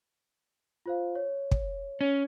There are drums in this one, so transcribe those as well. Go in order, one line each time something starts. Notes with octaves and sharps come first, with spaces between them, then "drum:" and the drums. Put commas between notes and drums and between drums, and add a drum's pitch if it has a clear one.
F4 C5 F5
C#5
drum: kick
C#4